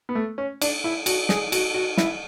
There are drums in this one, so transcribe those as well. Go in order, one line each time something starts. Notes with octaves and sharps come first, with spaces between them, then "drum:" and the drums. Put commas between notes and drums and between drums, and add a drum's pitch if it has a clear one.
B3
A3
C#4
D4, drum: cymbal
E4
F#4, drum: cymbal
G#4, drum: snare
F#4, drum: cymbal
F#4
E4, drum: snare